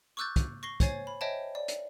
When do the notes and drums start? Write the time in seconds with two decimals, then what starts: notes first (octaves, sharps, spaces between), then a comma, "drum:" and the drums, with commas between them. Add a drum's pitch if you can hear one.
0.17 C#6 D6 E6 F#6 G6 A6
0.36 drum: kick, hi-hat
0.63 C#6 A#6 C7 G7
0.80 C5 C#5 G#5 G#6 A6 C7, drum: kick, hi-hat
1.07 B5
1.21 C5 C#5 D#5 E5 G5 A5
1.55 D5
1.68 drum: hi-hat